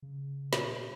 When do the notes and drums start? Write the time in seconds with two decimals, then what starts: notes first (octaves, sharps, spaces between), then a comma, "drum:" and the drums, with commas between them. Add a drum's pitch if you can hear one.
0.02 C#3
0.53 A#2, drum: snare